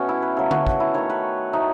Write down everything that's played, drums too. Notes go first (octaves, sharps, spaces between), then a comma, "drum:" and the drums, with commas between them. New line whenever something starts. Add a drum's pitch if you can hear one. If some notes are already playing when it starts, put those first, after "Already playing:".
Already playing: B2 A3 B3 C#4 F#4
E4
B4
C#3 F#3 A3 A4
F#4, drum: tom D3
F#4, drum: kick
E4
D#3 F#3 A3 C#5
B4
A2 F#3 A3 D#4